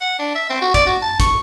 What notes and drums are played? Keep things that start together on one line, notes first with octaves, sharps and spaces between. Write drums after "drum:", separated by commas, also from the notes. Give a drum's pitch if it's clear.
F#5
D4
E5
C4
F#4
D5, drum: kick, hi-hat
F#4
A5
C#6, drum: kick, hi-hat